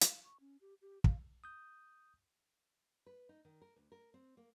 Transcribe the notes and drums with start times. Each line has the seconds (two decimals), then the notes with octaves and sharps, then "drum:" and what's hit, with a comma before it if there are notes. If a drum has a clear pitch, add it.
0.01 F5, drum: hi-hat
0.24 C#6
0.40 C#4
0.61 G4
0.82 G4
1.04 F5, drum: kick
1.44 D#6 G6
3.06 B4
3.29 D#4
3.45 D#3
3.62 A#4
3.76 D2
3.92 A#4
4.14 C4
4.37 A#3